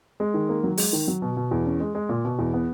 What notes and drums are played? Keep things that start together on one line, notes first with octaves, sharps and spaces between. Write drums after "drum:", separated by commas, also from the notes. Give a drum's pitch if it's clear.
G#3
D#3
A#3
F#3
G#3, drum: open hi-hat
D#3
F#3
B2
B2
E2
C#4
G#3
G#3
A#2
B2
E2
B3